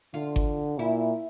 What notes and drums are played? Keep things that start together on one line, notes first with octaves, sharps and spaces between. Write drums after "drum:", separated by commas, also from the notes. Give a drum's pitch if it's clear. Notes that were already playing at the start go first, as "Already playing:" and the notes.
D3 F4
drum: kick G1
A#2 E4